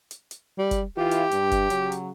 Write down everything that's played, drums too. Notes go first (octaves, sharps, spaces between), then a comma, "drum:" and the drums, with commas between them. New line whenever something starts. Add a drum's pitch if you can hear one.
drum: hi-hat
drum: hi-hat
G3
drum: kick, hi-hat
E3 E4 F4 G4
drum: hi-hat
G2, drum: hi-hat
drum: kick, hi-hat
C#3 F#3, drum: hi-hat
drum: hi-hat